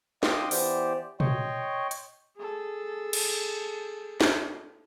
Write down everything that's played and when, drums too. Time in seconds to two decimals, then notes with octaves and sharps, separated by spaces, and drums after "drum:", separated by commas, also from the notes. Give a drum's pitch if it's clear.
0.23 D#5 F5 G5 C6 D6 D#6, drum: snare
0.51 E3 B3 G4 C5 D5, drum: open hi-hat
1.20 C#5 D#5 G5 C6 C#6, drum: tom A#2
1.91 drum: hi-hat
2.36 G#4 A4
3.13 drum: cymbal
4.21 drum: snare